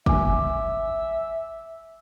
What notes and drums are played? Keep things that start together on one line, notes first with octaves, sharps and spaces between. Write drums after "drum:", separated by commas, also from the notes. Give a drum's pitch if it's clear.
E5 G#5 D6, drum: kick